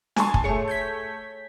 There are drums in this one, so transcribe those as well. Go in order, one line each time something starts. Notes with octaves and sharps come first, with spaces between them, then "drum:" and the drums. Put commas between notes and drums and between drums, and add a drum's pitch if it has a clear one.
G#5 A5 C6, drum: snare
drum: kick
A3 G#4 C#5 C#7
G6 G#6 B6